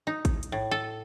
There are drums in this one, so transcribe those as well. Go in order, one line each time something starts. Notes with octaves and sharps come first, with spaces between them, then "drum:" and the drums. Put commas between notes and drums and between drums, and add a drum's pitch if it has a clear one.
D#4
drum: kick G#1, hi-hat
drum: hi-hat
A2
A4